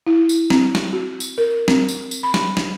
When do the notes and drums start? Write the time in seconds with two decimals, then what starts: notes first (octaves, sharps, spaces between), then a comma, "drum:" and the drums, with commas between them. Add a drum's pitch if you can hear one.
0.07 E4
0.29 drum: tambourine
0.50 C4, drum: snare
0.75 drum: snare
0.93 F#4
1.20 drum: tambourine
1.38 A#4
1.68 C4, drum: snare
1.89 drum: tambourine
2.11 drum: tambourine
2.23 B5
2.34 drum: snare
2.57 drum: snare